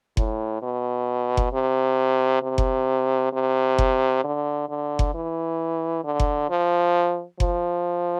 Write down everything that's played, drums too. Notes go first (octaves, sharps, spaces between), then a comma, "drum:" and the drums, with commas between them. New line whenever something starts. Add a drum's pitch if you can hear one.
A2, drum: kick F#1
B2
drum: kick F#1
C3
C3
drum: kick F#1
C3
drum: kick F#1
D3
D3
drum: kick F#1
E3
D3
drum: kick F#1
F3
F3, drum: kick F#1